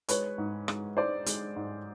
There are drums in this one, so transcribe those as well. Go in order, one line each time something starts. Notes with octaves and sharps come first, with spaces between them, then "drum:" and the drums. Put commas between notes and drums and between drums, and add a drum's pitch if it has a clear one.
G#3 B4 C#5, drum: hi-hat
G#2
G#3, drum: rim click
G#3 C5 D5
G#3, drum: hi-hat
G#2